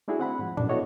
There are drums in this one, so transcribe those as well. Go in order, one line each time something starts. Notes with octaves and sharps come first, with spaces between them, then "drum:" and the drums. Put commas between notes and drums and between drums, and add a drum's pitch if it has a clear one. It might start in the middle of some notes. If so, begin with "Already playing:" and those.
A3 D4 E4 F#4 G#4
C4 F#5 B5
G#2 F3
F#2 A2 D4, drum: tom A2
B3 E4 F#4 A4 C#5 D#5